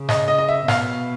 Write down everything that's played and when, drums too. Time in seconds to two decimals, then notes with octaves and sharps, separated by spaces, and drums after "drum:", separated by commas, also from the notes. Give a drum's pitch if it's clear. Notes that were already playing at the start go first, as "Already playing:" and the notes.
Already playing: C#3
0.09 D#5, drum: snare G#2
0.28 D#5
0.38 D#5
0.48 E5
0.68 B2 F5, drum: snare G#2